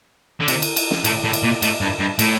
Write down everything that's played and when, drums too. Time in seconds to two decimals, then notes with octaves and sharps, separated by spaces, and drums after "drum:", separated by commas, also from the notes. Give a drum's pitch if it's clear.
0.40 D3
0.48 C3, drum: cymbal
0.62 drum: cymbal
0.76 drum: cymbal
0.91 drum: snare
1.04 A2, drum: cymbal
1.24 A2
1.33 drum: cymbal
1.43 A#2
1.62 A2, drum: cymbal
1.81 G2
2.00 G2
2.19 A2, drum: cymbal